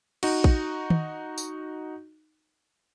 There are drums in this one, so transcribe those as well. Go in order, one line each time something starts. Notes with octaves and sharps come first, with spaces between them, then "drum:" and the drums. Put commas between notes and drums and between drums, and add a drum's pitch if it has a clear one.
D#4 F#4, drum: cymbal
drum: kick
drum: tom D#3
drum: tambourine